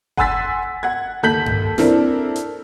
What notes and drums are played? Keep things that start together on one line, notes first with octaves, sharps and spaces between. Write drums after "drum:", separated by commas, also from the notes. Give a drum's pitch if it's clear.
F#5 G#5 C6 E6 A6 B6, drum: kick F#1
F#5 G#6
D#2 A4 G6 B6 F#7
drum: tom G2
C4 D4 E4 A4 A#4, drum: snare
drum: hi-hat